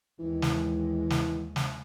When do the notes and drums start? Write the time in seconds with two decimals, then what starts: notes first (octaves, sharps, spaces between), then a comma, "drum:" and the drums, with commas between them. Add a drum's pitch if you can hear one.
0.20 D#2 E3 G#3
0.42 drum: snare
1.10 drum: snare
1.56 drum: snare